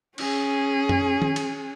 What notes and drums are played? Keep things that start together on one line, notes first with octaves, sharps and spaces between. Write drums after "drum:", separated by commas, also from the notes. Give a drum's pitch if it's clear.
C#4 G#4, drum: cymbal
drum: tom F#2
drum: tom D#3
drum: cymbal